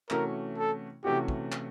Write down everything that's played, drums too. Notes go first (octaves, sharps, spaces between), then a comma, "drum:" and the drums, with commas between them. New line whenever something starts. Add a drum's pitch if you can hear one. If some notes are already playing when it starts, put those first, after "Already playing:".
C3 E3 A3 C#4 F#4 A#4, drum: clap
A4
C3 E3 A3 C#4 F#4 G4
drum: kick
drum: clap